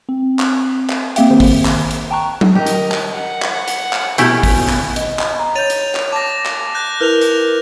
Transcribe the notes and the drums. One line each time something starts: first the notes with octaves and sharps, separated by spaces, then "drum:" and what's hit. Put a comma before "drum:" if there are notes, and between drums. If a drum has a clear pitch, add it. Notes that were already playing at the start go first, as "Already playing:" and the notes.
C4
drum: clap
drum: clap
A#3 C4 G4 E5 F5 G5, drum: hi-hat
D#3 G#4 C5
drum: kick, open hi-hat
drum: clap
drum: hi-hat
G5 A5 A#5 C#6 F#6
drum: tom F#3
G4 A#4 D#5
drum: hi-hat
drum: clap
F#5
drum: clap
drum: hi-hat
drum: clap
B2 A3 C#4 E4 G4, drum: hi-hat
drum: kick, open hi-hat
drum: clap
D#5, drum: hi-hat
drum: clap
A#5
C#5 G6 A6 D#7 F7
drum: hi-hat
drum: clap
A5 D6 A#6
drum: clap
F#6 G6 A#6
E4 A#4 B4 F6 G6 F7
drum: hi-hat